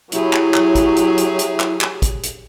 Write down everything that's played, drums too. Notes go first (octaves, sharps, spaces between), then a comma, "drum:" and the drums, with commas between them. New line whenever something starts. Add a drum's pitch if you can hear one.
F#3 E4 G4 G#4, drum: hi-hat
drum: clap
drum: clap
drum: kick, hi-hat
drum: hi-hat
drum: hi-hat
drum: hi-hat
drum: clap
drum: clap
drum: kick, hi-hat
drum: hi-hat